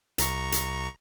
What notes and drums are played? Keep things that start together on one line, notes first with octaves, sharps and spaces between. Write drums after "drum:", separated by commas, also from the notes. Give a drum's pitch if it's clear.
C2 A#5 C#6, drum: hi-hat
drum: hi-hat